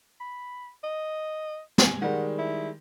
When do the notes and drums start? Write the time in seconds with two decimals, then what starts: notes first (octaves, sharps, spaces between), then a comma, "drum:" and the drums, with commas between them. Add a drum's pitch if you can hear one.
0.21 B5
0.84 D#5
1.78 G#5, drum: snare
2.02 D#3 G3 G#3 F#5
2.39 E4